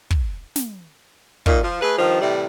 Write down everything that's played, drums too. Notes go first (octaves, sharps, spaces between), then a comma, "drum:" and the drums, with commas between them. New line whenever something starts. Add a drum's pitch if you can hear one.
drum: kick
drum: snare
A#2 D#3, drum: kick
F3
A3 G#4 B4
G2 D#3 F3
A2 C3 E3 G3